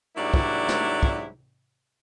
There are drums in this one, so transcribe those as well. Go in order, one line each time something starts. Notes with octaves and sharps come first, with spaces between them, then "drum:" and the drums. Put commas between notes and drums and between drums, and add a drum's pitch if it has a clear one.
G#2 F#3 G3 A#3 D4 E4
drum: kick
drum: snare
drum: kick